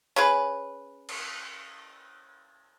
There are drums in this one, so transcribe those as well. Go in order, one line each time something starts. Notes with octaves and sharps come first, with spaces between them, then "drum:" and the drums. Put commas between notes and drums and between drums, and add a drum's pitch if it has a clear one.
C#4 G#4 B4
drum: cymbal